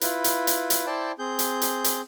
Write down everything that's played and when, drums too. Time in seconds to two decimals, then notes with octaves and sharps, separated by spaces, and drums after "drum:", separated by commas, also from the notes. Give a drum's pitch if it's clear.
0.01 E4 F4 B4, drum: hi-hat
0.24 drum: hi-hat
0.47 drum: hi-hat
0.70 drum: hi-hat
0.87 E4 C5 D5 G5 A5
1.19 C4 G#4 G6
1.39 drum: hi-hat
1.62 drum: hi-hat
1.84 drum: hi-hat